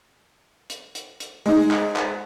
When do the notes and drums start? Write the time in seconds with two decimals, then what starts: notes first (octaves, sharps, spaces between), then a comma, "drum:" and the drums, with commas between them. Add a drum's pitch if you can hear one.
0.70 drum: hi-hat
0.95 drum: hi-hat
1.20 drum: hi-hat
1.46 G#3 D#4, drum: open hi-hat
1.71 drum: clap
1.96 drum: clap